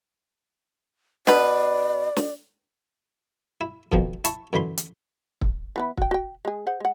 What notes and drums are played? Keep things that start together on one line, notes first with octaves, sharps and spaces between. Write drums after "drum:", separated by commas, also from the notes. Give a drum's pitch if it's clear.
B2 B4 D5, drum: snare
drum: snare
E4
F2 B2 D#3 F3, drum: kick
E4 A5 C#6, drum: hi-hat
F#2 D3 E3 B5 C6
drum: hi-hat
drum: kick
E3 B3 E4
F#4 G5, drum: kick
F#4 G5
G#3 G#4
G#4 C5 F#5
G#3 F#5